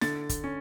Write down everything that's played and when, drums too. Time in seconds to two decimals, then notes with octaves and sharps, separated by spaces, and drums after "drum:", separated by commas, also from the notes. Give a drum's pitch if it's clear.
0.01 D3 A6, drum: snare
0.29 drum: kick, hi-hat
0.44 C#4